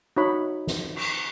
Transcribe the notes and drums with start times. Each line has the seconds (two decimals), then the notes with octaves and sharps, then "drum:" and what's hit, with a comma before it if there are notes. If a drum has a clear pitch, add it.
0.17 D#4 F#4 C#5 E5 B5
0.67 drum: snare
0.96 drum: cymbal